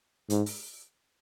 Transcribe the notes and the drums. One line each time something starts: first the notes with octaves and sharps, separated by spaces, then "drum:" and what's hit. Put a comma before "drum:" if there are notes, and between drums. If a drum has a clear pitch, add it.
G#2, drum: hi-hat
drum: open hi-hat